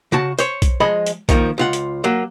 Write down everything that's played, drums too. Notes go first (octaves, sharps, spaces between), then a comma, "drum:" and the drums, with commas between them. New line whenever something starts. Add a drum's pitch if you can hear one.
C#3 F#4 A5
C5 C#5, drum: hi-hat
drum: kick B1, hi-hat
F3 G#3 D#5 B5
drum: hi-hat
D#3 F3 A#3, drum: kick B1, hi-hat
C#2 F4 F#5
drum: hi-hat
F#3 A#3